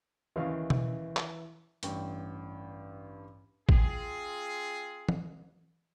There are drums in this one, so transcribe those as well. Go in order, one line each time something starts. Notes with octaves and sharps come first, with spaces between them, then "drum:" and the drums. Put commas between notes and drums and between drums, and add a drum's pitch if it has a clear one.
D#2 C#3 E3 F5
drum: tom B2
drum: clap
A1 G2 G5 C#6, drum: hi-hat
C4 F4 G#4, drum: kick
drum: tom E3